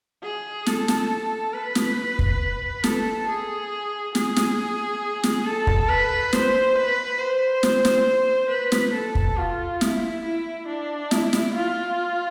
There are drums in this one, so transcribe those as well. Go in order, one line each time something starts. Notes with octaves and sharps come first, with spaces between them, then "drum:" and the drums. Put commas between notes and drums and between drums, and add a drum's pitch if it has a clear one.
G#4
A4, drum: snare
drum: snare
B4
drum: snare
drum: kick
A4, drum: snare
G#4
G#4, drum: snare
drum: snare
drum: snare
A4
drum: kick
B4
C5, drum: snare
B4
C5
drum: snare
drum: snare
B4
drum: snare
A4
drum: kick
F4
E4, drum: snare
E4
D4
E4, drum: snare
drum: snare
F4